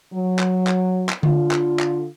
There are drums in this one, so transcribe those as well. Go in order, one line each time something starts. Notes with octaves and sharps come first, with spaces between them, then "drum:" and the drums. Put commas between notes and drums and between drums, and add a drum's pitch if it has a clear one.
F#3
drum: clap
drum: clap
drum: clap
D3 F4, drum: tom D3
drum: clap
drum: clap